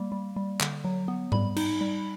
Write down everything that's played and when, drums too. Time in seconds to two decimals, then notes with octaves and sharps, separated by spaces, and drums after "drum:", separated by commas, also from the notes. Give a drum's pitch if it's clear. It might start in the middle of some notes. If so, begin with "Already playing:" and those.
Already playing: G3 A#3
0.12 G3
0.36 G3
0.60 D3, drum: clap
0.84 F#3
1.08 B3
1.32 G3 B5, drum: tom G#2
1.56 D#4, drum: cymbal
1.81 G3